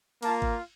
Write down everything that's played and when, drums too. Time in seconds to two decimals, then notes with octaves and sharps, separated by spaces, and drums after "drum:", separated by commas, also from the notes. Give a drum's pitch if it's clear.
0.22 A#3 F4 A5, drum: cymbal
0.42 drum: kick G#1